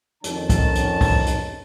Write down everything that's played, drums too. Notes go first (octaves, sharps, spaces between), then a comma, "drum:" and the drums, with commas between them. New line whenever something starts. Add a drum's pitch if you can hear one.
F2 D#3 C#4 A5, drum: hi-hat
drum: kick, hi-hat
drum: hi-hat
drum: kick, open hi-hat
drum: hi-hat